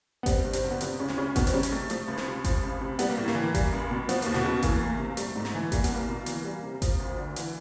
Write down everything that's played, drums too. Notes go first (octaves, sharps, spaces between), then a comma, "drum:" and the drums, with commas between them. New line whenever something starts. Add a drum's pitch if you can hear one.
B3
C3 G3 C4, drum: kick G#1, hi-hat
G2
C3 C4, drum: hi-hat
D3
B3
C3 F3 C4, drum: hi-hat
D2 C#3 C#4
drum: snare
C#3 C#4
B2 D#3 B3, drum: kick G#1, hi-hat
C4, drum: hi-hat
C#3 G3 C#4
drum: hi-hat
C3 A3
F3 A3, drum: hi-hat
C#2
drum: snare
C3
F3, drum: kick G#1, hi-hat
C#2
C3
G3 B3, drum: hi-hat
A#3
A2 A3
A#3, drum: snare
E3
G3, drum: kick G#1, hi-hat
C#2
B2
F3 B3, drum: hi-hat
D#2 A#3, drum: hi-hat
B2 B3, drum: snare
C#3
E3 A#3, drum: kick G#1, hi-hat
A3
E2 A#3
C3
G3 A3, drum: hi-hat
G#2 A3
drum: snare
E3
G3 A#3, drum: kick G#1, hi-hat
B3, drum: hi-hat
C2 A#3
B2
E3 A#3, drum: hi-hat
G3
C3
F3, drum: kick G#1, hi-hat
D2
D3
E3, drum: hi-hat